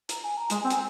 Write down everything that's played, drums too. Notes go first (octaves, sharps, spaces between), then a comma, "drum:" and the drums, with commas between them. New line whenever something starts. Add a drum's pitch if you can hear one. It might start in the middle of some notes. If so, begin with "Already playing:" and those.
A#5, drum: hi-hat
G#5
A#5
G#3 G#5, drum: hi-hat
G#5
C4
G#5, drum: hi-hat